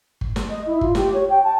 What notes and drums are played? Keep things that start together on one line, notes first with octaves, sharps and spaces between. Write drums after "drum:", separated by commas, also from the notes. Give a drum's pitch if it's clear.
drum: kick G1
drum: snare
D#5
E4
F4, drum: kick G1
G4, drum: snare
C#5
G5
A5